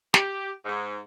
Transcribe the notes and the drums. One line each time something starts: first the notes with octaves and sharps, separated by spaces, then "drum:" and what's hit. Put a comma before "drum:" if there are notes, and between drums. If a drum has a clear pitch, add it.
G4, drum: snare
G#2